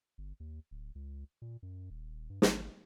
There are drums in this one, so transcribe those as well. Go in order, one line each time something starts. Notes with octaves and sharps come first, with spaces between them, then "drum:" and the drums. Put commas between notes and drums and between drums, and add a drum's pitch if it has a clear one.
G1
D#2
D1
C#2
A#2
F#2
D#1
G2
G#1, drum: snare